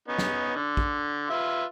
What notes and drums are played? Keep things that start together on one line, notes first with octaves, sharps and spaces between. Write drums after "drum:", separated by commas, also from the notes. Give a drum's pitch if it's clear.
B3 C#4 D#4
drum: snare
D3
drum: kick
F4 B4 E5